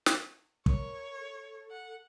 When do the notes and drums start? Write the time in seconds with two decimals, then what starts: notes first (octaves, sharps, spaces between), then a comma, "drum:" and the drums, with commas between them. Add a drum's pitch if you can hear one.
0.06 drum: snare
0.66 A#4 C#5, drum: kick
1.19 A4
1.71 F#5